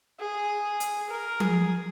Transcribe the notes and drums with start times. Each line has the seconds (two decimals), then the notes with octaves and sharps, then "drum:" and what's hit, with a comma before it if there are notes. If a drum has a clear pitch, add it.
0.20 G#4
0.80 drum: hi-hat
1.10 A#4
1.40 G#4, drum: tom F3